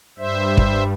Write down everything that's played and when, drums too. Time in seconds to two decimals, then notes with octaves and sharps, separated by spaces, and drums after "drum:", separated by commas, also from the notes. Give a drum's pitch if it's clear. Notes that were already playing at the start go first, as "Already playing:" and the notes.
0.18 G2 G3 C5 E5
0.57 drum: kick